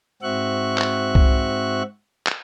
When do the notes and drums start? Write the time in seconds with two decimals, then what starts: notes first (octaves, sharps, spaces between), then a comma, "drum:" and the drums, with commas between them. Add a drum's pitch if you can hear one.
0.22 G#2 C4 F#4 E5 C#6 F#6
0.78 drum: clap
1.15 drum: kick C2
2.27 drum: clap